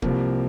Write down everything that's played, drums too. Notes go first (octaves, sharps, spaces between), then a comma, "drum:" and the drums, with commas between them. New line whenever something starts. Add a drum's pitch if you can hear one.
C2 C3 F3 A#3, drum: kick